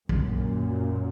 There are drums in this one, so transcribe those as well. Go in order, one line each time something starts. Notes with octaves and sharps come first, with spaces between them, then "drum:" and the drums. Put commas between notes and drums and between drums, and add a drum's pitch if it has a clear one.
F#2 A#2, drum: kick